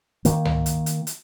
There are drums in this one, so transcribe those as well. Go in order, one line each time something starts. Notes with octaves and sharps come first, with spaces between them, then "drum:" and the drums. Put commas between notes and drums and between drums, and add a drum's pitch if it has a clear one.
D#3 A#3, drum: hi-hat
drum: tom C#2
drum: hi-hat
drum: hi-hat
drum: hi-hat